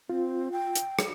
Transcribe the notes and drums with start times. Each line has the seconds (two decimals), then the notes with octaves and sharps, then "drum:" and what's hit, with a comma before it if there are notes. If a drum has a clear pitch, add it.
0.10 C4 F4
0.52 G5
0.75 drum: hi-hat
0.99 drum: rim click